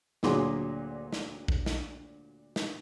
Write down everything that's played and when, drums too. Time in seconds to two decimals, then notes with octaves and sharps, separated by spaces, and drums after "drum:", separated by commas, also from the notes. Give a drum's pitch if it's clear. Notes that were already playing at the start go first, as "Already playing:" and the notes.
0.23 D2 A#2 F#3 G#4 C6 D6, drum: snare
1.13 drum: snare
1.48 drum: kick A#1
1.66 drum: snare
2.56 drum: snare